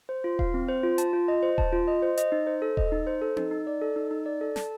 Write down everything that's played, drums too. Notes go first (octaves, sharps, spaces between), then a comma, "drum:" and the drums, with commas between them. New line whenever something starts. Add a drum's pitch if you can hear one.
C5
F4
F5, drum: kick D#1
C4
C5
F4
A5, drum: hi-hat
F4
D#5
C5
A5, drum: kick D#1
F4
D#5
C5
D#5, drum: hi-hat
D#4
C5
A4
D#5, drum: kick D#1
D#4
C5
A4
D#4, drum: tom C4
D#4
D5
A4
D#4
D#4
D5
A4
A5, drum: snare